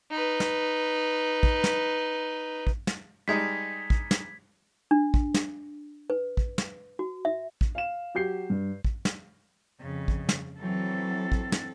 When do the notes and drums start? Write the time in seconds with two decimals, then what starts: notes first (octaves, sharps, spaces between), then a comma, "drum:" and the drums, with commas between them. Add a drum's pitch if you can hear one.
0.11 D#4 B4
0.40 drum: snare
1.43 drum: kick
1.64 drum: snare
2.67 drum: kick
2.87 drum: snare
3.28 G3 G#3 D#4 G#6 B6
3.90 drum: kick
4.11 drum: snare
4.91 D4
5.14 drum: kick
5.34 drum: snare
6.10 B4
6.37 drum: kick
6.58 drum: snare
6.99 F#4
7.25 E5
7.61 drum: kick
7.75 F5 E7
8.15 F#3 G4 G6 C7
8.50 G2
8.85 drum: kick
9.05 drum: snare
9.81 F2 C#3
10.08 drum: kick
10.29 drum: snare
10.60 E3 F#3 C4 A4
11.32 drum: kick
11.52 drum: snare